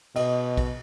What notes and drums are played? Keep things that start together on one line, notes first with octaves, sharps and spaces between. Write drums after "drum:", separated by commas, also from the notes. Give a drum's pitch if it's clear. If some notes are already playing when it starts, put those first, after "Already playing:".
B2 D#5, drum: cymbal
drum: kick A#1, cymbal